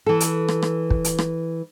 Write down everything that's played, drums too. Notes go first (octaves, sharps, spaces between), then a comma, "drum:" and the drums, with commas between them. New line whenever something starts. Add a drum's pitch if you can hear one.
E3 A4
drum: hi-hat
drum: rim click
drum: rim click
drum: kick
drum: hi-hat
drum: rim click